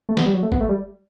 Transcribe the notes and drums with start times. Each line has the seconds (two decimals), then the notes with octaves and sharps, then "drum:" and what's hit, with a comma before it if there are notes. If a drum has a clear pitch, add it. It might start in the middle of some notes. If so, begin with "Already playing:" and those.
0.09 A3
0.17 B3, drum: snare
0.26 G3
0.34 F#3
0.43 A3
0.52 B3, drum: kick F#1
0.61 A3
0.69 G3